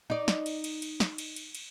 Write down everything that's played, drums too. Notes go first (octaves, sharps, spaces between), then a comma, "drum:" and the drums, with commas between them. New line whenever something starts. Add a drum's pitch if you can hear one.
D#4 D5
drum: snare
drum: cymbal
drum: cymbal
drum: cymbal
drum: snare
drum: cymbal
drum: cymbal
drum: cymbal